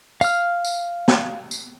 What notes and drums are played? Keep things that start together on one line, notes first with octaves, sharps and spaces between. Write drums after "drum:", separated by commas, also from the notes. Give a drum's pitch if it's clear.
F5 F6, drum: tambourine
drum: tambourine
drum: snare
drum: tambourine